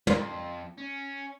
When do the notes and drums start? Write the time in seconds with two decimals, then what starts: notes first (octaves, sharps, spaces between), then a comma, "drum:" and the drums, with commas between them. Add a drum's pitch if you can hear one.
0.07 F2, drum: tom
0.78 C#4